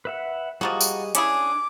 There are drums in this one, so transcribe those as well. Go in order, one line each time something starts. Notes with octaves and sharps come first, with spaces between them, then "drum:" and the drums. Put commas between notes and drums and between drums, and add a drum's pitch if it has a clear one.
B4 E5 F#5
F3 G3 A#3 F#4 G#4 D#5
drum: tambourine
C#4 D4 E4 G#4 D6, drum: hi-hat